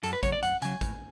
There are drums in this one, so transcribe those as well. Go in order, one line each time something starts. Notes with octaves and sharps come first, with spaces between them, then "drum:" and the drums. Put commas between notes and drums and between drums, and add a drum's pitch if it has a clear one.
F#2 A4, drum: hi-hat
B4
C#3 F#3 C#5, drum: kick G#1, hi-hat
D5
F#2 F#5, drum: hi-hat
C#3 F#3 G#5, drum: hi-hat
A2, drum: kick G#1, hi-hat